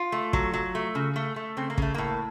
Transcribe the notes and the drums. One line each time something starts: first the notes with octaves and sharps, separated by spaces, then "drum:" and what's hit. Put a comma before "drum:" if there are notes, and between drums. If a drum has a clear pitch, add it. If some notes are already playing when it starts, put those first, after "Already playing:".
Already playing: F4
A3
F#3, drum: kick
F#3
A3
C#3
A3
A3
C#3 C4
A#3
C#3 A3, drum: kick
A2 A#3